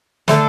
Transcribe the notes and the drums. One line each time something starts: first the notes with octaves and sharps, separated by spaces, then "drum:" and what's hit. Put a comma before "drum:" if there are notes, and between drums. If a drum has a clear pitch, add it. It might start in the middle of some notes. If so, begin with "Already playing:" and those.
D3 A3 D4 A4, drum: snare